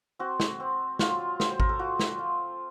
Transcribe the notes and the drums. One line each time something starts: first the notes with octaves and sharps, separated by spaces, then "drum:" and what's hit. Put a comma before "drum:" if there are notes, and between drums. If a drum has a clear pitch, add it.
C4 F#4
drum: snare
C4
F#3 F4, drum: snare
F#3, drum: snare
C5
A#4, drum: kick G#1
A4
F4 F#4
drum: snare
F4